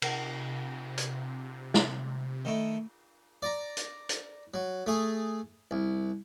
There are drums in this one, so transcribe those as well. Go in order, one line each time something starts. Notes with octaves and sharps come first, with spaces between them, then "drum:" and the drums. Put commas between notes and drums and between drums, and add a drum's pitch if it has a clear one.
C3 A#4, drum: cymbal
drum: hi-hat
drum: snare
D#3 A3 E4
D5 A#5
drum: hi-hat
drum: hi-hat
F#3
A3 G#4
C2